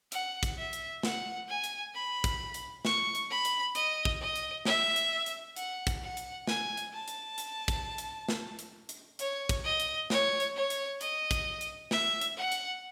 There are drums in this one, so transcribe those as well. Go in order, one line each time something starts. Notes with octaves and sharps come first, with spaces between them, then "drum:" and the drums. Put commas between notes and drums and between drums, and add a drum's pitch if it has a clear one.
F#5, drum: hi-hat
drum: kick, hi-hat
E5
drum: hi-hat
F#5, drum: snare
G#5
drum: hi-hat
B5
drum: kick, hi-hat
drum: hi-hat
C#6, drum: snare
drum: hi-hat
B5
drum: hi-hat
D#5, drum: hi-hat
drum: kick
D#5
drum: hi-hat
E5, drum: snare
drum: hi-hat
drum: hi-hat
F#5, drum: hi-hat
drum: kick, hi-hat
F#5
drum: hi-hat
G#5, drum: snare
drum: hi-hat
A5
drum: hi-hat
drum: hi-hat
drum: kick, hi-hat
drum: hi-hat
drum: snare
drum: hi-hat
drum: hi-hat
C#5, drum: hi-hat
drum: kick, hi-hat
D#5
drum: hi-hat
C#5, drum: snare
drum: hi-hat
C#5
drum: hi-hat
D#5, drum: hi-hat
drum: kick, hi-hat
drum: hi-hat
E5, drum: snare
drum: hi-hat
F#5
drum: hi-hat